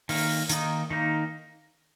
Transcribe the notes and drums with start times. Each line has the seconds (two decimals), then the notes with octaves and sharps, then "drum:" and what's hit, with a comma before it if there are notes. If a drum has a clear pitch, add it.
0.09 D#3 A#3, drum: open hi-hat
0.49 D#3 A#3 D#4, drum: hi-hat
0.90 D#3 A#3 D#4